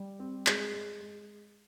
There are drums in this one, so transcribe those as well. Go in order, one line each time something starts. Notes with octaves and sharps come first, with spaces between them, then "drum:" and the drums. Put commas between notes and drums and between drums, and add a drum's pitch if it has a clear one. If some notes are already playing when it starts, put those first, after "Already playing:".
Already playing: G3
C4
G#3, drum: clap
G#3
G#3